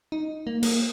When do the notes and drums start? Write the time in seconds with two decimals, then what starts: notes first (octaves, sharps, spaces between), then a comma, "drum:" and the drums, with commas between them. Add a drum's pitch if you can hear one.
0.12 D#4
0.47 A#3
0.63 A#3, drum: cymbal